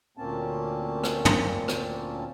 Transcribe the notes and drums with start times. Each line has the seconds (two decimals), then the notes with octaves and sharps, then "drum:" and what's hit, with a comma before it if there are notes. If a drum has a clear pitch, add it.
0.17 D2 A#2 A#3 C4 C#4 A5
1.04 drum: rim click
1.25 drum: tom
1.68 drum: rim click